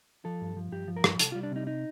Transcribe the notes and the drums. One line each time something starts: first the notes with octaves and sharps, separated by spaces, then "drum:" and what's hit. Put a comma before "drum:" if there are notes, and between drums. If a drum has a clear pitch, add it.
F3 A4
G2
F3
G2 G4
F3
A#4
G2, drum: rim click
C2 A4, drum: hi-hat
G3 F4
D4
C3 D#4
D#4